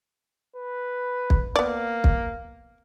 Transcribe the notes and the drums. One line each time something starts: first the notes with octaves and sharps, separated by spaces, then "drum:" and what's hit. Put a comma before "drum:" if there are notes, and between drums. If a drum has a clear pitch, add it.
B4
drum: kick
A#3 B3 D5
drum: kick